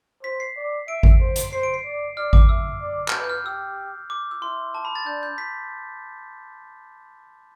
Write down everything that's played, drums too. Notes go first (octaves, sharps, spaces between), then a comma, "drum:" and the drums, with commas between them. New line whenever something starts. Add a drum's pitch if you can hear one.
C5 B6
C7
D5
E5 D7
drum: kick G#1
C5
drum: hi-hat
C5 C7
D7
C7
D5
D5 F6
D6, drum: kick G#1
E5 E6
D5
F6, drum: clap
B4 G6
G6
F6
G4 E6
D6
E6
E4 C6
A5
B5
A6
D4 G6
G6
B6